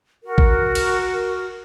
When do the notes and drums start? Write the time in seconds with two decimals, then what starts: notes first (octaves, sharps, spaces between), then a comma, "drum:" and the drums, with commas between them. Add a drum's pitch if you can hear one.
0.23 F#4 A#4
0.38 drum: kick
0.75 drum: cymbal